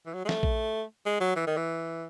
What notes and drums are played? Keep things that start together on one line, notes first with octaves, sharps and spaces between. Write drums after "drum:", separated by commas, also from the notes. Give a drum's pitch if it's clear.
E3
F#3
G#3
A3, drum: snare
drum: kick A#1
G#3
F#3
E3
D#3
E3